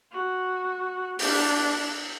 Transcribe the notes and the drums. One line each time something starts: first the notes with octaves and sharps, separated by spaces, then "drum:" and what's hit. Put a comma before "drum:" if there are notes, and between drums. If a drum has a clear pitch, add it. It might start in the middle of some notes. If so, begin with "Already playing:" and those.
F#4
D4, drum: open hi-hat